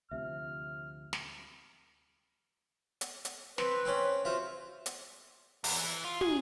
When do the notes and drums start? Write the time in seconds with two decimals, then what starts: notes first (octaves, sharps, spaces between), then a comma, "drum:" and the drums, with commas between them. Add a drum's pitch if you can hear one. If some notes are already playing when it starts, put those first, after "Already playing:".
0.11 D2 C3 F3 E5 F6
1.13 drum: snare
3.01 drum: hi-hat
3.25 drum: hi-hat
3.58 C4 B4, drum: snare
3.85 C4 C#4
4.25 F4 F#4 C5 E5
4.86 drum: hi-hat
5.64 E2, drum: open hi-hat
5.78 E3
6.05 F4
6.21 G#4, drum: tom